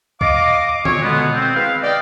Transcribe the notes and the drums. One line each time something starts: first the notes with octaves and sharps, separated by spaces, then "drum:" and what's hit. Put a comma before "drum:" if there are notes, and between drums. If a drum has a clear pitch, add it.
D#5 F5 D6, drum: kick
A#2 C#5, drum: tom D#3
B2 D3 G#3 B3
C4
E4 G#4 B4 F5
D5 D#5 G5